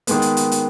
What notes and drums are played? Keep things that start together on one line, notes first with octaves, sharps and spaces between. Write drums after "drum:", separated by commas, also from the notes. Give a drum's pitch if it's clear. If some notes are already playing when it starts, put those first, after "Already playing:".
D#3 G#3 B3, drum: hi-hat
drum: hi-hat
drum: hi-hat
drum: hi-hat